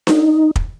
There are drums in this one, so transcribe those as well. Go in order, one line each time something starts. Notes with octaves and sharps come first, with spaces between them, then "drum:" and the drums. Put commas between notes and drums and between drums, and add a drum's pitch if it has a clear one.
D#4, drum: snare D4
drum: kick